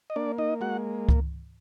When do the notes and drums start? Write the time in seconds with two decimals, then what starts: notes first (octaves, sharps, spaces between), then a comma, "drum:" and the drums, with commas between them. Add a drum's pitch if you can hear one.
0.10 D#5
0.16 A#3 D4 D5
0.38 D#4 D#5
0.61 G#3 F#4 F#5
1.09 drum: kick C#2